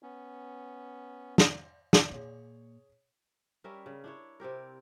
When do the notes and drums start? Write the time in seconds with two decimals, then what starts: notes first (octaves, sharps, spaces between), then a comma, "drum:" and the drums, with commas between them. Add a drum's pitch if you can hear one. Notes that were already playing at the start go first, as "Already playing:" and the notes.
0.03 B3 C#4
1.38 drum: snare
1.93 drum: snare
2.11 A#2 G#4 C#5
3.64 G3 C#4 A#4 E5
3.86 C#3
4.04 D4 E4 C#5
4.40 C3 C4 G4 A#4